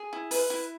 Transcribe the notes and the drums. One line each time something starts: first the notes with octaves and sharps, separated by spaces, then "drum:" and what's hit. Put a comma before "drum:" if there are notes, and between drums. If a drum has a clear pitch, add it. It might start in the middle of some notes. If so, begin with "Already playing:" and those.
Already playing: G#4
E4
B4, drum: open hi-hat
E4